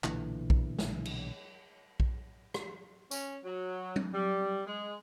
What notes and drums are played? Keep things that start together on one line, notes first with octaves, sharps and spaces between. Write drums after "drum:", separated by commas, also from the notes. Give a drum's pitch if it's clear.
B1 A#2 D3 E3, drum: clap
drum: kick A#1
drum: snare
drum: cymbal
drum: kick A#1
drum: rim click
C#4, drum: tambourine
F#3
drum: tom F#3
G3
G#3